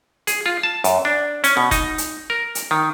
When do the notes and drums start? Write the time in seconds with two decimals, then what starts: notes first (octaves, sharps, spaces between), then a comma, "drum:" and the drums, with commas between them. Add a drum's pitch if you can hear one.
0.27 G#4, drum: hi-hat
0.46 F4
0.63 A5
0.84 F#2, drum: hi-hat
1.05 D4
1.44 C#4, drum: hi-hat
1.57 B2
1.71 D#4, drum: kick F1, hi-hat
1.98 drum: hi-hat
2.30 A#4
2.55 drum: hi-hat
2.71 D#3